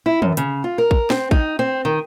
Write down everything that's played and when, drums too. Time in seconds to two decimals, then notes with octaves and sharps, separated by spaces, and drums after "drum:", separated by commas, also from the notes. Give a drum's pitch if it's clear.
0.06 E4
0.22 F#2, drum: tom
0.37 C#3, drum: hi-hat
0.64 F4
0.78 A#4
0.91 drum: kick
1.10 C4, drum: snare
1.31 D#4, drum: kick
1.59 C4
1.85 D#3